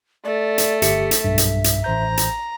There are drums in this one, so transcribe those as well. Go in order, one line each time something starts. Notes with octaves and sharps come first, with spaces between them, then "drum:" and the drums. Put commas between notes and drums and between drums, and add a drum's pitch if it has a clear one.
A3 D5
drum: hi-hat
G1 G4 E5 C#7, drum: hi-hat
drum: hi-hat
B1 G2
drum: hi-hat
drum: hi-hat
A1 C5 A#5 G6
drum: hi-hat